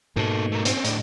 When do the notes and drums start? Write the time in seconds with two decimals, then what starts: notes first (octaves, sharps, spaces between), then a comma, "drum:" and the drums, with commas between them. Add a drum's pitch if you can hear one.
0.16 G#2 B2 A#3 A4
0.52 A3 A#4
0.65 C4 C#4, drum: hi-hat
0.85 A2 D4, drum: hi-hat